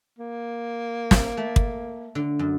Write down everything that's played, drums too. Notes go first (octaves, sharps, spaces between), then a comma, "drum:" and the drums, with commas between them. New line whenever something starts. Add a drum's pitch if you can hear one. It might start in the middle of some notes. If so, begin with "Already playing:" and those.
A#3
drum: snare
A3 A5
drum: kick
D3
F#2